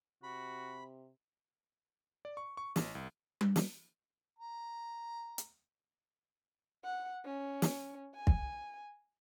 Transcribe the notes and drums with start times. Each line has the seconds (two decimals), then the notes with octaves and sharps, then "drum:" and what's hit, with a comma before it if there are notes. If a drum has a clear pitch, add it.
0.23 C3 F#4 B5
2.25 D5
2.37 C#6
2.57 C#6
2.76 A1, drum: snare
2.95 C2
3.41 drum: tom G3
3.56 drum: snare
4.39 A#5
5.38 drum: hi-hat
6.84 F#5
7.25 C#4
7.62 drum: snare
8.16 G#5
8.27 drum: kick